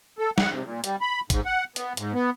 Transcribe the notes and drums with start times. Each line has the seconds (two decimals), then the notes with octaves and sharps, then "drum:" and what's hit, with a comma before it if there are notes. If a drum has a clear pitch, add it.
0.19 A4
0.38 F#5, drum: snare
0.51 C3
0.64 A#2
0.84 G3, drum: hi-hat
1.01 B5
1.30 G#2, drum: kick, hi-hat
1.46 F#5
1.76 B3, drum: hi-hat
1.97 G#2, drum: hi-hat
2.13 B3